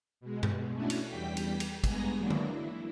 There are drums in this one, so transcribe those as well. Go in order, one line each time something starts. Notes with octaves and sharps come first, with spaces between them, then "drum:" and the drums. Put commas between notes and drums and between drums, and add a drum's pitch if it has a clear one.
B2 G#3
drum: tom G2
A3 C#4 D4 E4 F#4
drum: cymbal
E2 G3 G5 B6
drum: cymbal
drum: cymbal
G2 G#3 B3 G#5 A#5 A#6, drum: kick, cymbal
E3 F#3 G#3 A#3 D4
drum: tom D3
E4